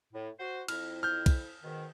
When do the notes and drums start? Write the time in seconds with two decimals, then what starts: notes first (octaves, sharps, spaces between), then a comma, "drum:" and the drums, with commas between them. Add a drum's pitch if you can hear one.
0.13 A2
0.39 F#4 C5
0.68 F2 E4 F6, drum: cymbal
1.03 F6 G6
1.26 drum: kick, cymbal
1.63 G#2 B2 D#3